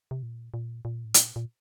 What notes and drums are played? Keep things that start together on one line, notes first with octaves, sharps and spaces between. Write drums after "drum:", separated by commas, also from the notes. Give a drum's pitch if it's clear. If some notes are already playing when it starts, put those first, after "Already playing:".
C3
A#2
A#2
A#2
A2
A#2, drum: hi-hat
A#2